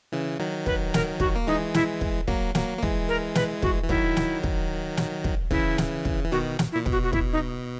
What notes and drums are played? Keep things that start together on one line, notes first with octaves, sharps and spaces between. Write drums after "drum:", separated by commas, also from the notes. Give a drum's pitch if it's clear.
C#3 E3
D#3 F#3
B4, drum: kick
A#4, drum: snare
F#4, drum: kick
A#3
E3 G#3 D#4
E4, drum: snare
drum: kick
F#3 A#3, drum: kick
F#3 A#3, drum: snare
A#3
E3 G#3, drum: kick
A#4
B4, drum: snare
F#4, drum: kick
E3
D#3 F#3 E4, drum: kick
drum: snare
drum: kick
drum: snare
drum: kick
C#3 E3 E4, drum: kick
drum: snare
drum: kick
E3
B2 D#3 F#4
drum: snare
E4
A#2
B2, drum: kick
F#4
F#4
E4, drum: kick
D#4